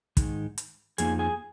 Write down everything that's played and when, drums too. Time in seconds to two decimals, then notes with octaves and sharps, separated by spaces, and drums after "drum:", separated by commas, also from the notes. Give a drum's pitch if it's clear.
0.17 G#2 D#3 G#3 D#4, drum: kick, hi-hat
0.58 drum: hi-hat
0.98 F2 F3 A#3 D#4 G#4 G#5, drum: hi-hat
1.19 G#4 G#5